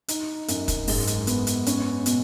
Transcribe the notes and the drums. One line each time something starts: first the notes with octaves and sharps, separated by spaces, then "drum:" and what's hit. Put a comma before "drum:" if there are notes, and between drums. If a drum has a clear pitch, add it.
D#4, drum: hi-hat
F#2, drum: hi-hat
drum: kick, hi-hat
G#2, drum: open hi-hat
drum: hi-hat
B3, drum: hi-hat
drum: hi-hat
C#4, drum: hi-hat
B2, drum: hi-hat